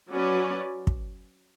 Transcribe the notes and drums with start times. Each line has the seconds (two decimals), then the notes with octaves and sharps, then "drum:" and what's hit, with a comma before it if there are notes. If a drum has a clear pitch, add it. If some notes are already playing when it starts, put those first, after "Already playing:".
0.10 F#3 C#4 F#4 B4 D5
0.87 drum: kick